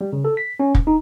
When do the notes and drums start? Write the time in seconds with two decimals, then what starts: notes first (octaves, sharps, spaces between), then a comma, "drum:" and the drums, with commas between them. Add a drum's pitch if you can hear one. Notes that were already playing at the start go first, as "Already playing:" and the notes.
0.01 G3
0.13 C#3
0.25 A4
0.37 B6
0.60 C#4
0.75 C2, drum: kick
0.87 D#4